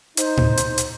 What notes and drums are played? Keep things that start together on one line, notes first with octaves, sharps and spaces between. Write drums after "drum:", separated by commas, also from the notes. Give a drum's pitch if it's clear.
D#4 C5, drum: hi-hat
drum: tom A2
drum: hi-hat
drum: hi-hat